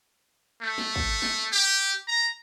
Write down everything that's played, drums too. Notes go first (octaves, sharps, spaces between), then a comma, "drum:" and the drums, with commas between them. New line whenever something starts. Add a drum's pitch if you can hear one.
A3
drum: snare
drum: kick
drum: snare
G4
A#5